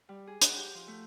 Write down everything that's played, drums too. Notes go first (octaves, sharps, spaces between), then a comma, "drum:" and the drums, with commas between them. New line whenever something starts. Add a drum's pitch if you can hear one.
G3
G#4
F#4, drum: hi-hat
G4
F3
A3